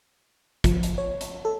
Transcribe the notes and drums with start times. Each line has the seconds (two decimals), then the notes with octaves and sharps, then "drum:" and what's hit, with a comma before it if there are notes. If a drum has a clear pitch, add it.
0.64 F3, drum: kick, hi-hat
0.83 drum: hi-hat
0.98 C#5
1.21 drum: hi-hat
1.45 A4